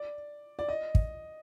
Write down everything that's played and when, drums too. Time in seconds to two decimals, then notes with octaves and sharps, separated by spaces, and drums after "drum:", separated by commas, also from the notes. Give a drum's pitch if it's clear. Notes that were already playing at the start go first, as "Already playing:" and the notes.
Already playing: D5
0.59 D5
0.69 D#5
0.95 drum: kick